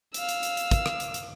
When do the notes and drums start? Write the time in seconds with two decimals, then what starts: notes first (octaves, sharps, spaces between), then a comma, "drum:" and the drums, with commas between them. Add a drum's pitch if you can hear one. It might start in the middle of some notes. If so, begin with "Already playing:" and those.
0.14 F5 E6, drum: hi-hat
0.29 drum: hi-hat
0.43 drum: hi-hat
0.57 drum: hi-hat
0.71 drum: kick, hi-hat
0.86 drum: rim click
1.00 drum: hi-hat
1.14 drum: hi-hat